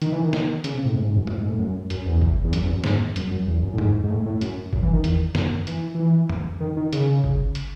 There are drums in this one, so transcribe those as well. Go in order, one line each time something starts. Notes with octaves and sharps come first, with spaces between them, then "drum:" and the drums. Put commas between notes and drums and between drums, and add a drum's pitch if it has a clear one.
D#3, drum: hi-hat
E3
D#3
D#3, drum: snare
C#3, drum: hi-hat
C3
A2
G#2
G#2
F#2
drum: tom
G#2
A2
F#2
F#2, drum: hi-hat
E2
drum: kick
E2
F#2, drum: hi-hat
E2
F#2
G#2, drum: snare
F#2, drum: hi-hat
F#2
E2
F#2
A2
G#2, drum: tom F2
G#2
A2
A2
F#2, drum: hi-hat
F#2, drum: kick
E3
D#3
E2, drum: hi-hat
F#2, drum: snare
E3, drum: hi-hat
E3
drum: tom F2
D#3
D#3
C#3, drum: hi-hat
drum: kick
drum: hi-hat